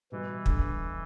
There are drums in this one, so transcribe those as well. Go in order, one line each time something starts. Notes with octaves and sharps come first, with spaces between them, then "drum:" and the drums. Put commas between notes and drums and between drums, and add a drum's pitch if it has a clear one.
B2 E3 G3 B3
D3, drum: kick